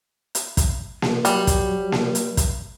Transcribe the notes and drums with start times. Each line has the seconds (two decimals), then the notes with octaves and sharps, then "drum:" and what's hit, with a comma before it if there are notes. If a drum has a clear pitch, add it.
0.35 drum: hi-hat
0.57 drum: kick, hi-hat
1.02 drum: snare A#3
1.25 F#3 G3, drum: hi-hat
1.47 drum: kick, hi-hat
1.92 drum: snare A#3
2.15 drum: hi-hat
2.37 drum: kick, hi-hat